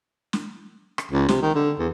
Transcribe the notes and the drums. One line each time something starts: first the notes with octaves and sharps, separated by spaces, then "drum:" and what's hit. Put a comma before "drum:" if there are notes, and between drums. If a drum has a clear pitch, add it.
drum: snare
drum: rim click
C#2
C3, drum: snare
D#3
D3
E2